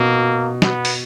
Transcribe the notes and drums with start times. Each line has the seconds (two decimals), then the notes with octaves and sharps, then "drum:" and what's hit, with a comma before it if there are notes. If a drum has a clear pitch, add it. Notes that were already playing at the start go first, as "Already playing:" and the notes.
Already playing: B2 A#3
0.62 B3, drum: snare
0.85 drum: open hi-hat